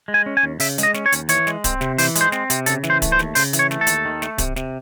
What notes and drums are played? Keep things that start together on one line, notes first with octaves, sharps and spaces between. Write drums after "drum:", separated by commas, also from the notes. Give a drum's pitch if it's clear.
G#3
G#5
C#4
G#5
D#2
C#3 E5, drum: open hi-hat
G#3, drum: hi-hat
D#5
C#4, drum: snare
C#5
D#2, drum: hi-hat
E3 C#5, drum: hi-hat
G#3, drum: snare
C4, drum: kick D1, hi-hat
C3, drum: snare
E3 C5, drum: open hi-hat
G#3, drum: hi-hat
C5
C4, drum: snare
C3, drum: hi-hat
C#3 A4, drum: hi-hat
E3, drum: snare
C5
A3, drum: kick D1, hi-hat
C5
D#2, drum: snare
C#3 C5, drum: open hi-hat
E3, drum: hi-hat
C#5
A3, drum: snare
A4
D#2, drum: hi-hat
D#3
A3, drum: snare
C3, drum: kick D1, hi-hat
C3, drum: snare